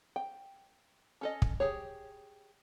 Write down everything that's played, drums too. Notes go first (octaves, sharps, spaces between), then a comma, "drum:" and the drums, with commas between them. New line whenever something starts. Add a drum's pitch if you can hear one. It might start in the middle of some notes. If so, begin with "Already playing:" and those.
G5
C#4 A4 D#5
drum: kick
G4 G#4 C#5